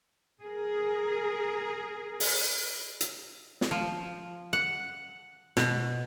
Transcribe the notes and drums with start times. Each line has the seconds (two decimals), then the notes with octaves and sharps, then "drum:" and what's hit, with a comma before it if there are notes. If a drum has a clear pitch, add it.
0.42 G#4 A#4
2.20 drum: open hi-hat
3.01 drum: hi-hat
3.61 drum: snare
3.71 F3
4.53 F#5
5.57 B2, drum: snare